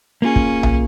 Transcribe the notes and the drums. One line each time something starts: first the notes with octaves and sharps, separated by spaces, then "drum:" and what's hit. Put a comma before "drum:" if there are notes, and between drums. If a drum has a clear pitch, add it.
A#3 C#4 F4 G#4
drum: kick
drum: tom B1